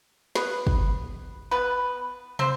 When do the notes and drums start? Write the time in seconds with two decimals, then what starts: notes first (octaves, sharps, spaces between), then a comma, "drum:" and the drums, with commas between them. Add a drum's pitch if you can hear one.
0.35 B3 B4, drum: snare
0.67 drum: kick
1.51 B3 B4
2.39 C4 C5, drum: tom